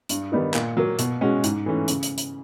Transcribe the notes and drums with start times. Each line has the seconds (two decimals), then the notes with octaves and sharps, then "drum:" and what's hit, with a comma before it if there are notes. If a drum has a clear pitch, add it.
0.09 G2, drum: hi-hat
0.32 D#3 G3 B3 D#4
0.54 A#2, drum: clap
0.77 F#3 A#3
0.99 B2, drum: hi-hat
1.21 G#3 C#4 F#4
1.44 G#2, drum: hi-hat
1.66 E3 A3 C#4
1.88 C#3, drum: hi-hat
2.03 drum: hi-hat
2.18 drum: hi-hat